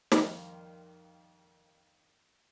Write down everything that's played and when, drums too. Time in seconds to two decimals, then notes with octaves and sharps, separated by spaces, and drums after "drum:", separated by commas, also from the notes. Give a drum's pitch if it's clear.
0.12 F2 D#3 G3 A#3 F5 C6, drum: snare